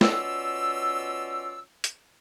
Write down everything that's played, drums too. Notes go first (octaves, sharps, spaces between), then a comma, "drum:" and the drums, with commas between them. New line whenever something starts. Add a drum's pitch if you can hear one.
B2 C#4 F4 D5 E6, drum: snare
drum: hi-hat